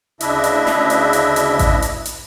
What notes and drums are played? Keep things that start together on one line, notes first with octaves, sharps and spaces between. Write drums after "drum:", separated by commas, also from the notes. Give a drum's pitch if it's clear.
D2 C#3 D4 E4 D#5 E5, drum: hi-hat
drum: hi-hat
drum: snare
drum: hi-hat
drum: hi-hat
drum: hi-hat
drum: kick A1, hi-hat
drum: hi-hat
drum: hi-hat